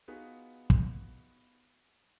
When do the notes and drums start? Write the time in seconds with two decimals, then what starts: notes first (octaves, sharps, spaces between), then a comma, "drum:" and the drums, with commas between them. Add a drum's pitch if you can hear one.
0.08 B3 D#4 F4 F#4 G#4 B4
0.70 drum: kick